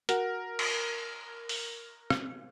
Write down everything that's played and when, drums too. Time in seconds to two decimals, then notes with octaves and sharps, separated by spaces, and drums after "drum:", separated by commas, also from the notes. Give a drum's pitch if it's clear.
0.09 F#4 A#4, drum: hi-hat
0.59 drum: cymbal
1.49 drum: open hi-hat
2.10 drum: rim click